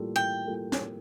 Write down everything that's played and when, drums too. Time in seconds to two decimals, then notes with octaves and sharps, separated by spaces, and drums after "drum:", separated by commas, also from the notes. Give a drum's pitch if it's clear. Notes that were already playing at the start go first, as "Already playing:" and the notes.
Already playing: A2 G3 A#3 F4 A4
0.16 A2 G5
0.47 G3 A#3 F4 A4
0.72 drum: snare